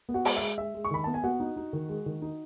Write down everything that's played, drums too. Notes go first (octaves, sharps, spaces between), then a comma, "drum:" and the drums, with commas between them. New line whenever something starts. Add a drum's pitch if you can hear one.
B3
F#4 F#5
G#3, drum: open hi-hat
E5
G#3
G#3 E5
G#3
C#6
D#3 B5
B3 A5
G#5
B3 F#4 F#5
D#4
D#4
D#3
G#3
D#3
D#4